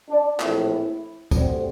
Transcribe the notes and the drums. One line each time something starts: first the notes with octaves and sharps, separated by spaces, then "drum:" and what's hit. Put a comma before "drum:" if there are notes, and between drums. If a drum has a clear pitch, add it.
D4
A#1 A2 E3 A3 C4 E4, drum: clap
D2 D3 G3 C4, drum: kick, tambourine